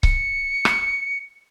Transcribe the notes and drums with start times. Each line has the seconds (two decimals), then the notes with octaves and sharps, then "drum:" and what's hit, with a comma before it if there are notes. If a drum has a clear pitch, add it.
0.03 C#7, drum: kick C#1
0.65 drum: rim click